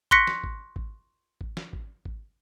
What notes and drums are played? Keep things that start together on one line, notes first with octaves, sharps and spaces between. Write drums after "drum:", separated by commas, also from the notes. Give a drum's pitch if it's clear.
C6 C#6 F#6 A#6 B6 C#7, drum: kick G#1
drum: snare
drum: kick G#1
drum: kick G#1
drum: kick G#1
drum: snare
drum: kick G#1
drum: kick G#1